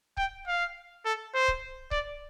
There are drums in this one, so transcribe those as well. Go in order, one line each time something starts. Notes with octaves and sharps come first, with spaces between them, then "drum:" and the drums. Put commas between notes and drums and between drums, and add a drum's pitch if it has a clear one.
G5, drum: kick C#1
F5
A4
C5
drum: kick C#1
D5, drum: kick C#1